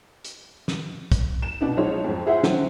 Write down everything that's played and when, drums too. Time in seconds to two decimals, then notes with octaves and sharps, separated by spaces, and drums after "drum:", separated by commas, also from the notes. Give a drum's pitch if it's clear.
0.25 drum: hi-hat
0.68 drum: snare
1.12 drum: kick, hi-hat
1.42 E7
1.61 B2 B3 D4 D#4
1.77 F3 F#3 G#3 D#4 F4 C#5
2.04 F2 G#2
2.26 E4 F4 G#4 C5 E5 F#5
2.43 D3 F#3 C4 C#4, drum: snare